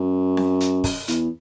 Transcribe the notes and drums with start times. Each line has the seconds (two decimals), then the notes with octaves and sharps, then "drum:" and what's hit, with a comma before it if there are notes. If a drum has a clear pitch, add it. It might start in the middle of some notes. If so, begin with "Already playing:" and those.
Already playing: F#2
0.37 drum: snare C4
0.60 drum: hi-hat
0.84 drum: kick, open hi-hat
1.08 E2, drum: hi-hat